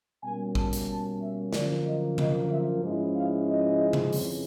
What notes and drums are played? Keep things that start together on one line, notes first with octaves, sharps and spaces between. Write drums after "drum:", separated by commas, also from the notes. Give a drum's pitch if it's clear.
B2 G3 A#3 C#4 G#5
A5, drum: kick
drum: hi-hat
A5
E5
F#2 D3 F3 A#3 D5, drum: snare
D#5
D#5, drum: tom C3
E5
G#2 F3 G#3 C#4 E4
F5
D#5
drum: tom C3
F2 C#3 E3, drum: open hi-hat